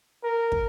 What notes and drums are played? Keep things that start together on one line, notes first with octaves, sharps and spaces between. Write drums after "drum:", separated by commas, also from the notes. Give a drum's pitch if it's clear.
A#4
drum: kick